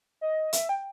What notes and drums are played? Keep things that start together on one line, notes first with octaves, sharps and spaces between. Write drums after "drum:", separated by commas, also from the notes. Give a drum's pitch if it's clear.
D#5
E5, drum: hi-hat
G5